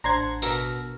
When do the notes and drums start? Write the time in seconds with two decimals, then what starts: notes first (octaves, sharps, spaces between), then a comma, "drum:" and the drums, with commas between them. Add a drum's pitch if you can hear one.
0.04 A1 D4 C5 F#5 A#5 C6 G#6
0.42 B2 F#4 A#4 E5, drum: tambourine